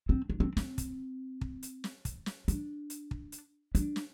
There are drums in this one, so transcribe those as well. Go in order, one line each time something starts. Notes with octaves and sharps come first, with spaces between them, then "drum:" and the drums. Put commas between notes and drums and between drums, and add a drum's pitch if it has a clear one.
C4
D4
C4
C4, drum: snare
drum: kick, hi-hat
drum: kick
drum: hi-hat
drum: snare
drum: kick, hi-hat
drum: snare
D4, drum: hi-hat
drum: hi-hat
drum: kick
drum: hi-hat
D4, drum: hi-hat
drum: snare